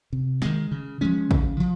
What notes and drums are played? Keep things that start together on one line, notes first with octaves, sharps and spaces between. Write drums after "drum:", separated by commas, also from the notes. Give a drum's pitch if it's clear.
C3
D#3 G#3, drum: snare
C#3
F3 G#3 C#4
C#3, drum: kick
F3